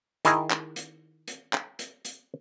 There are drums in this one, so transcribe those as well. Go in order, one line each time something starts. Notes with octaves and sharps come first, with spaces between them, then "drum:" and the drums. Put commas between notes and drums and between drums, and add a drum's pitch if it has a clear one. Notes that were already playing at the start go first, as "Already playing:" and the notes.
D#3 E4 G#4 D#5, drum: hi-hat
drum: clap
drum: hi-hat
drum: hi-hat
drum: clap
drum: hi-hat
drum: hi-hat